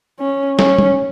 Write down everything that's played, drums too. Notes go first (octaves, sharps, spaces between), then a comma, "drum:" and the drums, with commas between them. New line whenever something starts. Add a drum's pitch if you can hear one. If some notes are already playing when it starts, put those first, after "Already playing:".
C#4
C#4, drum: snare
drum: tom G3